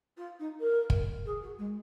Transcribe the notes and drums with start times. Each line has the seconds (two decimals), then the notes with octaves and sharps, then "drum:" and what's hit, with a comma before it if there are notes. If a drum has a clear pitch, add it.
0.17 F4
0.39 D#4
0.60 A#4
0.90 drum: kick
1.25 G#4
1.42 F#4
1.58 G#3